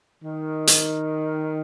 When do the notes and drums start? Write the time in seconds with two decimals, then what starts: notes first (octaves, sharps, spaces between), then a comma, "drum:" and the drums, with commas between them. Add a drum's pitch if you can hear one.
0.23 D#3
0.67 drum: hi-hat